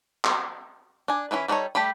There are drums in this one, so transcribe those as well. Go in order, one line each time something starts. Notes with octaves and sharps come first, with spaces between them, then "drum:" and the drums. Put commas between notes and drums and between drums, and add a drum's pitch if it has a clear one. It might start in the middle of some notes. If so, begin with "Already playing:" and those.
drum: clap
D4 G#5
E3 F#3 C#4 E4 B4
G3 D4 D#4 A4 C#5
G3 A3 G4 B5